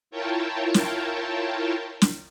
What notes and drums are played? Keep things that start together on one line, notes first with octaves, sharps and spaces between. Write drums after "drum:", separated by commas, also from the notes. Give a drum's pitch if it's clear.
E4 F4 A#4 C#5 G5 A5
drum: snare
drum: snare